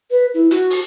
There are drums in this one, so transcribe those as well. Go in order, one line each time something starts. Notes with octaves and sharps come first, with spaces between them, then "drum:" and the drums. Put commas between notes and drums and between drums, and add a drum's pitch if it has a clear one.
B4
E4
F#4, drum: hi-hat
drum: open hi-hat